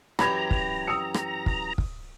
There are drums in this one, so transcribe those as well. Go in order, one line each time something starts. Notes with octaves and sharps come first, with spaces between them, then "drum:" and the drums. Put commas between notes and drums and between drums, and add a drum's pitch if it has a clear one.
F#2 E3 G4 A#5 B5 G#6 A#6, drum: rim click
drum: kick
D#6 E6 C#7
drum: rim click
drum: kick
drum: kick